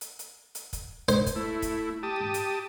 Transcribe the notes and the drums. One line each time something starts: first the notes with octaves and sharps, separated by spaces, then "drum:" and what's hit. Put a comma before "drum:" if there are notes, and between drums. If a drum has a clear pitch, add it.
drum: hi-hat
drum: hi-hat
drum: hi-hat
drum: kick, hi-hat
C5, drum: hi-hat
drum: kick, hi-hat
A3 E4
drum: kick, hi-hat
G4 A5 D#6
drum: hi-hat